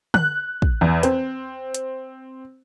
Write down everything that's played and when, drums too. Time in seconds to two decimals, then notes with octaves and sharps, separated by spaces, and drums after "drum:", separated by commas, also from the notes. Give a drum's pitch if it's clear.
0.14 F#6, drum: tom
0.62 drum: kick
0.81 E2
1.03 C4, drum: hi-hat
1.74 drum: hi-hat